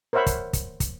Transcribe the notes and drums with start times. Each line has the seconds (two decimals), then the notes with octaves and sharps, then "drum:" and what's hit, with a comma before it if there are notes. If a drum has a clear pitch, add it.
0.13 A#4 C5 C#5 E5 F#5 B5
0.26 drum: kick, hi-hat
0.53 drum: kick, hi-hat
0.80 drum: kick, hi-hat